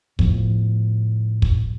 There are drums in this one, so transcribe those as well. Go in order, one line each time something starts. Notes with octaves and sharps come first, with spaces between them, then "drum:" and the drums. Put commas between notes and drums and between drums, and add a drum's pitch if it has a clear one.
A2 F3 B3, drum: kick
drum: kick